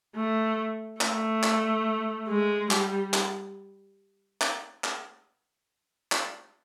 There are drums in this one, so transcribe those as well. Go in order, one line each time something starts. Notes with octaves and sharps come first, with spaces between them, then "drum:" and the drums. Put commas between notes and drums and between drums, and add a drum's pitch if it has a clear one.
A3
A3, drum: clap
drum: clap
G#3
G3, drum: clap
drum: clap
drum: clap
drum: clap
drum: clap